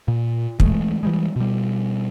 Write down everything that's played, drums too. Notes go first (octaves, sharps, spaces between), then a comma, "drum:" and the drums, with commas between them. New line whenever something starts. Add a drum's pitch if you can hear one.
A#2
E3 G#3 A3, drum: kick
E3 G3 G#3
B2 G3